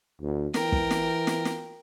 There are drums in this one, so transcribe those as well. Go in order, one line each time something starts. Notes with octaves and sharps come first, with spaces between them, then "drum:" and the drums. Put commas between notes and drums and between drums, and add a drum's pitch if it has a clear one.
D2
E3 A#4 G5, drum: snare
drum: kick
drum: snare
drum: snare
drum: snare